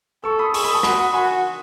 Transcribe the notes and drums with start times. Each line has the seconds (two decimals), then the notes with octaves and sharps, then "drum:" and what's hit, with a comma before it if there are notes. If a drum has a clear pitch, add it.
0.24 A4 C#6 E6
0.39 B5 D#6
0.54 G#4 C#6 E6, drum: open hi-hat
0.64 B5 D#6
0.73 A5 C#6
0.83 F#4 B5 D#6, drum: rim click
0.99 B5 D#6
1.13 F#4 G#5 B5